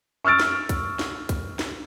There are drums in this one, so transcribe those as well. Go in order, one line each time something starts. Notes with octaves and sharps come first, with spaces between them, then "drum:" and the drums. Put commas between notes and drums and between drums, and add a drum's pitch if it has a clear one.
C#6 E6 F6 A6 D7
drum: snare
drum: kick, hi-hat
drum: snare
drum: kick, hi-hat
drum: snare